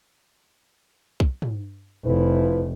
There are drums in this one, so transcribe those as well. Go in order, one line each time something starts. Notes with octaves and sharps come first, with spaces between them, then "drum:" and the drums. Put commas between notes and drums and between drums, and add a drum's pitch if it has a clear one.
drum: kick B1
drum: tom
F1 F3 E4 B4